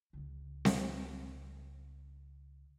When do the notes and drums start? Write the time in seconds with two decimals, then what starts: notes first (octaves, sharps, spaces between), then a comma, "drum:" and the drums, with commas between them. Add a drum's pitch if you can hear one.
0.13 C#2 C#3
0.65 drum: snare C4